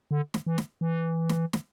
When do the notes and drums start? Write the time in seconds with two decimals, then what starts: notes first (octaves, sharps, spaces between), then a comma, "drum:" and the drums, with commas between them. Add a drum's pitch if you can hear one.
0.11 D3
0.34 drum: snare
0.46 E3
0.58 drum: snare
0.81 E3
1.29 drum: snare
1.53 drum: snare